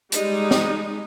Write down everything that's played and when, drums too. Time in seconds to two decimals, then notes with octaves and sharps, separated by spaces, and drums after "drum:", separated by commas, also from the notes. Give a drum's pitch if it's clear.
0.12 G3 G#3 D#4, drum: hi-hat
0.51 drum: snare